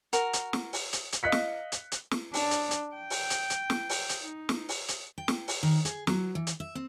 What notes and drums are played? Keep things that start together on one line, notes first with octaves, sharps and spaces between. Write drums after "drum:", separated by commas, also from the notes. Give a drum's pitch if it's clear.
F#4 A#4, drum: hi-hat
drum: hi-hat
drum: snare
drum: open hi-hat
drum: hi-hat
drum: hi-hat
D#5 F5 F#6 B6 C#7
drum: snare
drum: hi-hat
drum: hi-hat
drum: snare
D4, drum: open hi-hat
drum: hi-hat
drum: hi-hat
G5
drum: open hi-hat
drum: hi-hat
drum: hi-hat
drum: snare
drum: open hi-hat
drum: hi-hat
D#4
drum: snare
drum: open hi-hat
drum: hi-hat
G5
drum: snare
drum: open hi-hat
D#3
G#4, drum: hi-hat
F#3, drum: snare
E3
drum: hi-hat
E5
C4